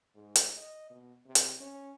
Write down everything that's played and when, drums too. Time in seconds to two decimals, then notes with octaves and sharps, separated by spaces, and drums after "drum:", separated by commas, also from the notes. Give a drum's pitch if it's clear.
0.15 G#2
0.36 drum: hi-hat
0.57 D#5
0.90 B2
1.26 C3
1.35 drum: hi-hat
1.60 C#4